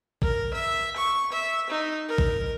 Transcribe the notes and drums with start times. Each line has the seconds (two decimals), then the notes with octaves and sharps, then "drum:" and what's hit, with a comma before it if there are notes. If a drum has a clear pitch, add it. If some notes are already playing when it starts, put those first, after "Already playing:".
0.22 A#4, drum: kick A1
0.53 E5
0.96 C#6
1.32 E5
1.70 D#4
2.09 A#4
2.18 drum: kick A1